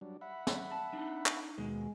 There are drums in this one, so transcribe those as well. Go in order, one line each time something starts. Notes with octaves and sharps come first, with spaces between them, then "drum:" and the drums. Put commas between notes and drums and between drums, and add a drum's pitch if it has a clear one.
F#3 G3 D4
E5 F#5 B5
drum: snare
A5
D4 D#4
drum: clap
D#2 B2 G#3